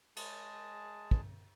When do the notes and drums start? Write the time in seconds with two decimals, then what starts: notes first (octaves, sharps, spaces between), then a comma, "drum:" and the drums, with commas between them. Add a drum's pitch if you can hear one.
0.16 G#3 G#4 A5, drum: cymbal
1.11 drum: kick